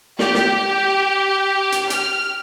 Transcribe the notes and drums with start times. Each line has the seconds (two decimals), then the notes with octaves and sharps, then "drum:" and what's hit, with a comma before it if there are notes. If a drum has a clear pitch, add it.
0.19 G4, drum: snare
0.34 drum: snare
1.72 drum: hi-hat
1.90 F6, drum: hi-hat